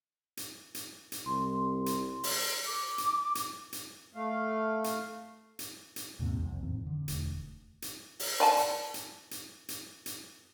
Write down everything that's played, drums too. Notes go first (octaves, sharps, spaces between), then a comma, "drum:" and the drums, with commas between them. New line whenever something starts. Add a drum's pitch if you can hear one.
drum: hi-hat
drum: hi-hat
drum: hi-hat
C2 C6
drum: hi-hat
drum: open hi-hat
D6
drum: hi-hat
drum: hi-hat
drum: hi-hat
A3 F5
drum: hi-hat
drum: hi-hat
drum: hi-hat
D#2 G#2 C3 A#3
C2 F2
F2 A2 D#3 C4
D3
E1 D2, drum: hi-hat
drum: hi-hat
drum: open hi-hat
D5 G#5 A5
drum: hi-hat
drum: hi-hat
drum: hi-hat
drum: hi-hat
drum: hi-hat